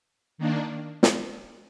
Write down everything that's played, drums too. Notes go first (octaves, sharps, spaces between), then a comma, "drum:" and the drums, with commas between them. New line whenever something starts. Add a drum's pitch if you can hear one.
D#3 A#3 D4
drum: snare